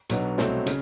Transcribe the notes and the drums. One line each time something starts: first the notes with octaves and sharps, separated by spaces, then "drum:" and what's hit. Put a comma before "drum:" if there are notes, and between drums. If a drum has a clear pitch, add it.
B1 B2 F#3 B3 D4, drum: hi-hat
C2 B2 F#3 A3 C4, drum: snare
C#3, drum: hi-hat